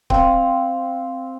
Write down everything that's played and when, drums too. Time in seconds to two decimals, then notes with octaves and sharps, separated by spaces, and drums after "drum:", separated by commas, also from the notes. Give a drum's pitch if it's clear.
0.10 C4 F5, drum: kick C#1